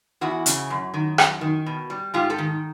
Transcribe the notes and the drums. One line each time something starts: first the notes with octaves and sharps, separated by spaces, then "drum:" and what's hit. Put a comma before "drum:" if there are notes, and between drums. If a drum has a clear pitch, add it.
E2 E4 F#4
C#3, drum: hi-hat
F#2
D#3
F#2, drum: rim click
D#3
B2
G3
G#2 F4 G4
G4 A4
D#3